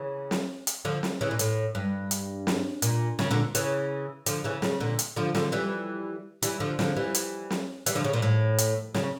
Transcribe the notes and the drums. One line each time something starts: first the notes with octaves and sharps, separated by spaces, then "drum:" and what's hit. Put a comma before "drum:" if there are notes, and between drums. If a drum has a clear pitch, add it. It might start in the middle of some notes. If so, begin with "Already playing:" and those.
Already playing: C#3 E3
drum: snare
drum: hi-hat
D3 F3
drum: snare
C#3 E3
A#2
A2, drum: hi-hat
G2
drum: hi-hat
drum: snare
A#2, drum: hi-hat
C#3, drum: snare
A#2 D3
C#3 E3, drum: hi-hat
D3 F3, drum: hi-hat
C#3 E3
C#3, drum: snare
A#2 D3
drum: hi-hat
D3 F3
D3 F3, drum: snare
E3 G3
E3 G3, drum: hi-hat
D3 F3
D3 F3, drum: snare
E3 G3
drum: hi-hat
drum: snare
E3 G3, drum: hi-hat
D3 F3
C#3
A#2
A2
drum: hi-hat
C#3, drum: snare